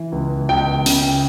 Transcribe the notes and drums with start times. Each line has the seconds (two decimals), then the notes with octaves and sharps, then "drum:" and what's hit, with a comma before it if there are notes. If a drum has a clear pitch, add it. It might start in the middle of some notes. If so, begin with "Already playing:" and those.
Already playing: E3
0.12 C#2
0.49 C#2 G5
0.86 C#3, drum: open hi-hat